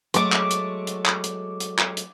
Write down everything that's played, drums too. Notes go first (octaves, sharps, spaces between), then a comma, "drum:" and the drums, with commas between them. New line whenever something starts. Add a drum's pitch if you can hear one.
F#3 G#3 A3 C#6 D6, drum: hi-hat
drum: clap
drum: hi-hat
drum: hi-hat
drum: clap
drum: hi-hat
drum: hi-hat
drum: clap
drum: hi-hat